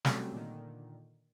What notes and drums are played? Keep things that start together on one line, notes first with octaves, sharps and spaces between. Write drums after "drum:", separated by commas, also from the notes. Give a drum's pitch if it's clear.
C3 F#3 G3 A3 C4 C#4, drum: snare
A#2 D3 D#3